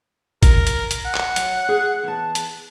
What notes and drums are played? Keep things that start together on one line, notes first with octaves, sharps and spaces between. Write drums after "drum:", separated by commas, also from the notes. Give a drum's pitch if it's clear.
A#4, drum: kick A1, hi-hat
drum: hi-hat
drum: hi-hat
F#5
drum: clap
F#3, drum: hi-hat
G#4
E2 A5
drum: hi-hat